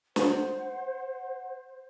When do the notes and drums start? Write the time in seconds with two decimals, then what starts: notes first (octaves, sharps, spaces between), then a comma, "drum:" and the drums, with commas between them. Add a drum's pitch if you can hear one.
0.16 C5 F#5, drum: snare